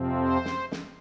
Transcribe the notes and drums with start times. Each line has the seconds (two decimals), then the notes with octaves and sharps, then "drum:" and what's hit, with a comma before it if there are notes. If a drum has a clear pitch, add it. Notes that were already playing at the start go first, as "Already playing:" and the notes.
Already playing: F2 C3 F3 C4
0.18 C5
0.45 drum: snare
0.71 drum: snare